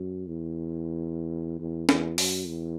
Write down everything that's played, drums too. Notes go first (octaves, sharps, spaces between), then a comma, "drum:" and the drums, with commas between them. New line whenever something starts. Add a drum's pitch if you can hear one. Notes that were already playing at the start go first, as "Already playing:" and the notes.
Already playing: F#2
E2
E2
E2, drum: snare
F#2, drum: open hi-hat
E2